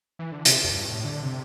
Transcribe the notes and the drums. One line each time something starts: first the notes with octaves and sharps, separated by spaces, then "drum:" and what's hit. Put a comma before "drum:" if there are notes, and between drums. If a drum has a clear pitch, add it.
E3
D3
C3, drum: hi-hat
E2
G2
A2
D3
C3